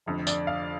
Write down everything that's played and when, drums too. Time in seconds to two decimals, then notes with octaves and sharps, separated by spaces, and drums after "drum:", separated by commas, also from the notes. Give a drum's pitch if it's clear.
0.06 F1 F2 D3
0.27 D5, drum: tambourine
0.47 F5